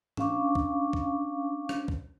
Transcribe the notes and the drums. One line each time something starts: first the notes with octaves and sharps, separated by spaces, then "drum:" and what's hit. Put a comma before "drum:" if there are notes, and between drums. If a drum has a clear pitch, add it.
C#4 D4 F5 C#6 D6, drum: tom
drum: kick C2
drum: kick C2
drum: rim click
drum: kick C2